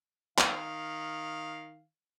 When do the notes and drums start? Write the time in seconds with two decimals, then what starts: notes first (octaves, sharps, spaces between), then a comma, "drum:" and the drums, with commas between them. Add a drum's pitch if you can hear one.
0.38 D#3 F5, drum: clap